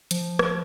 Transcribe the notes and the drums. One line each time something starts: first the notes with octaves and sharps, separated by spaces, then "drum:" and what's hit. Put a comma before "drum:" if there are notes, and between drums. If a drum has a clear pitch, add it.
F3, drum: hi-hat
drum: rim click